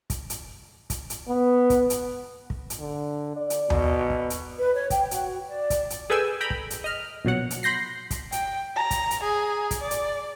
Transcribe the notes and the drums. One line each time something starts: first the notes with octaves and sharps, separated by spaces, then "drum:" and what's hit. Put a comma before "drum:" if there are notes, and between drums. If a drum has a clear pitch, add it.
drum: kick, hi-hat
drum: hi-hat
drum: kick, hi-hat
drum: hi-hat
B3
drum: kick, hi-hat
drum: hi-hat
drum: kick
drum: hi-hat
D3
D5
drum: hi-hat
B2, drum: tom D#2
drum: kick
drum: hi-hat
B4
C#5
G5, drum: kick, hi-hat
F#4, drum: hi-hat
D5
drum: kick, hi-hat
drum: hi-hat
G#4 A4 B4 G5 G#5 E6
G5 A#5 B5
drum: kick
drum: hi-hat
D#5 F6
A#1 B2 F#3 F#5
drum: hi-hat
B5 C6 G6 A#6 C7
drum: kick, hi-hat
G5, drum: hi-hat
A#5
drum: kick, hi-hat
drum: hi-hat
G#4
drum: kick, hi-hat
D5
drum: hi-hat